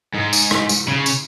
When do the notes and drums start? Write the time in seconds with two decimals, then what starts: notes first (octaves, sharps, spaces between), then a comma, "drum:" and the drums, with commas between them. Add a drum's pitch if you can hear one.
0.15 G#2
0.33 drum: tambourine
0.51 drum: rim click
0.69 drum: tambourine
0.88 C#3
1.06 drum: tambourine